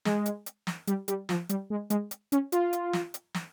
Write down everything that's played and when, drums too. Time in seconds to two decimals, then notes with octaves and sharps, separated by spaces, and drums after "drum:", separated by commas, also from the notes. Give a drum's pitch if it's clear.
0.05 G#3, drum: snare
0.26 drum: hi-hat
0.46 drum: hi-hat
0.67 drum: snare
0.87 G3, drum: hi-hat
1.08 G3, drum: hi-hat
1.29 F3, drum: snare
1.49 G3, drum: hi-hat
1.70 G#3
1.90 G#3, drum: hi-hat
2.11 drum: hi-hat
2.32 C#4, drum: hi-hat
2.52 F4, drum: hi-hat
2.73 drum: hi-hat
2.93 drum: snare
3.14 drum: hi-hat
3.34 drum: snare